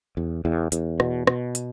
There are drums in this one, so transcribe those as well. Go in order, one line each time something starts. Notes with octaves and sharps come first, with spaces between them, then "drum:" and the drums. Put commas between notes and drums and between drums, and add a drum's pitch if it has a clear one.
E2
E2
E2, drum: hi-hat
B2, drum: rim click
B2, drum: rim click
drum: hi-hat